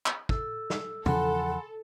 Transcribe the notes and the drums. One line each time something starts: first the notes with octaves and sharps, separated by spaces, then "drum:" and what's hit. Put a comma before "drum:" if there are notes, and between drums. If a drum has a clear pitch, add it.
drum: clap
A4 E6, drum: kick
drum: snare
E2 C#3 F3 A4 F#5 G#5 B5 C6, drum: tom